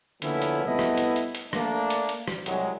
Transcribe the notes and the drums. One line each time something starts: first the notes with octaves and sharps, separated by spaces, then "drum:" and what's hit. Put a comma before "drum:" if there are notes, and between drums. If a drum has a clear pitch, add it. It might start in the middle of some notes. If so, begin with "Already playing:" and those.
D3 F3 A#3 B3 C#4 E4, drum: hi-hat
drum: hi-hat
C2 A3 B3 E4 D#5 E5
drum: rim click
drum: hi-hat
drum: hi-hat
drum: hi-hat
A3 A#3 D4, drum: rim click
drum: hi-hat
drum: hi-hat
drum: rim click
C2 F#3 G#3, drum: hi-hat